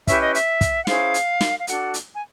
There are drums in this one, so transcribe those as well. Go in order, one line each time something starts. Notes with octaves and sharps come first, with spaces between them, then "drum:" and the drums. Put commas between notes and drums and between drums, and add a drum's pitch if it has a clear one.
C#4 E4 G4 B4 E5, drum: kick, hi-hat
D#5
E5, drum: hi-hat
drum: kick, hi-hat
F#5
C#4 E4 G#4 C5 F5, drum: snare
drum: hi-hat
drum: snare
F5
D4 F#4 A4 F#5, drum: hi-hat
drum: hi-hat
G#5